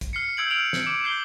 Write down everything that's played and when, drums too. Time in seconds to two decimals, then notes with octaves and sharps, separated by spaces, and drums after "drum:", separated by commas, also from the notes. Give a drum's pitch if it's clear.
0.01 drum: kick, hi-hat
0.13 F6 C7 C#7
0.37 E6 G6 G#6 D7 F#7
0.50 F6 D7 F7
0.73 drum: snare
0.87 D6
1.03 D6 G6 C7 G7